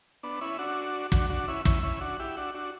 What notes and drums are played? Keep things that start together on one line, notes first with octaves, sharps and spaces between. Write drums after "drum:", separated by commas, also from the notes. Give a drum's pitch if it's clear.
B3 D4
C#4 E4
D4 F#4
D4 F#4, drum: kick
D4 F#4
C#4 E4
C#4 E4, drum: kick
C#4 E4
D4 F#4
E4 G4
D4 F#4
D4 F#4